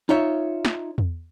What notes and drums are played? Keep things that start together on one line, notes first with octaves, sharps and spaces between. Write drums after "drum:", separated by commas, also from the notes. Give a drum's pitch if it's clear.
D#4 F4 C#5 E5
drum: snare
drum: tom E2